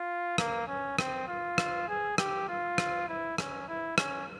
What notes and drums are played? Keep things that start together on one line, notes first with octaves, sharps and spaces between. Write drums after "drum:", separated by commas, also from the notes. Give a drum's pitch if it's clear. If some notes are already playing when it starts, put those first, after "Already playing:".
Already playing: F4
A#3, drum: rim click
C#4
C4, drum: rim click
F4
drum: rim click
G#4
G4, drum: rim click
F4
drum: rim click
E4
C#4, drum: rim click
E4
C#4, drum: rim click